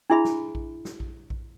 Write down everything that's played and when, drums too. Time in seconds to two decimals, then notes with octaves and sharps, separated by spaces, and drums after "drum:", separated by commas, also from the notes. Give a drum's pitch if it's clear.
0.10 D4 E4 G#4 E5 B5
0.25 drum: snare
0.55 drum: kick A#1
0.85 drum: snare
1.00 drum: kick A#1
1.30 drum: kick A#1